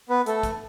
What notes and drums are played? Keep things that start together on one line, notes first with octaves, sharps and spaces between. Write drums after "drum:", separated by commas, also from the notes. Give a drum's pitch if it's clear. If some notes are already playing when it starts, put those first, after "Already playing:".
B3 B4
A3 A4, drum: hi-hat
drum: kick, hi-hat